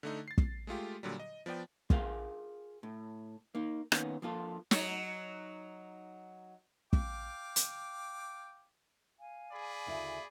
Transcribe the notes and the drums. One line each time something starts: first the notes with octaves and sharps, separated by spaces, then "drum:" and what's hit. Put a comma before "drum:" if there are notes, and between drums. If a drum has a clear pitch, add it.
D3 A3 D#4
A6 C7
drum: kick
G#3 A3 F4 G4
A#2 D3 F#3 G3
D#5
F3 B3 D5 G5
F4 G#4 A#4 F5 G5, drum: kick
A2
A#3 D#4
D#3 A#3 B3 C#4, drum: rim click
F3 A#3 F4 A4
F#3 D#4, drum: snare
F5 G5 D6, drum: kick
drum: hi-hat
F5 G#5
G#4 D5 B5
D2 C#3 E4